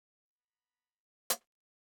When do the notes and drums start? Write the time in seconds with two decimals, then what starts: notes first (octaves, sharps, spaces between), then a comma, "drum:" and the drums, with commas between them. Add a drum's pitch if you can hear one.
0.21 B3 A#5 B5
1.30 drum: hi-hat